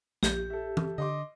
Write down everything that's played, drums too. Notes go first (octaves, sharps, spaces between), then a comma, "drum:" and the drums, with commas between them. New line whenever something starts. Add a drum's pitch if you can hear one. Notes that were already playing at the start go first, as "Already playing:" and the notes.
A#1 G4 G6, drum: snare
A4 E5
drum: tom E3
D3 D#5 C6 D6